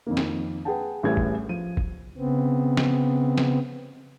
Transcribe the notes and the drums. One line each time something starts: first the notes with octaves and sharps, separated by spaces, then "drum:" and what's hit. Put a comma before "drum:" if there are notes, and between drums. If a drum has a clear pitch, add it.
F2 D#3 A#3
drum: snare
G#4 B4 F#5 G5 A5
A1 A2 E3 G3 G#4 G#6
drum: kick
F3 D#7
drum: kick
C#3 B3 C4
drum: snare
drum: snare